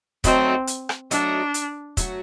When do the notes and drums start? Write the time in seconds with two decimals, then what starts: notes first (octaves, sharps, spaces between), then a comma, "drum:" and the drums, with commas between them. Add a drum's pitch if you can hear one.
0.24 F#3 A3 C4 D#4 F#4, drum: kick, hi-hat
0.67 drum: hi-hat
0.89 drum: rim click
1.11 F#3 A3 D4 D#4 F#4, drum: hi-hat
1.54 drum: hi-hat
1.97 F#3 A3 D#4 F#4, drum: kick, hi-hat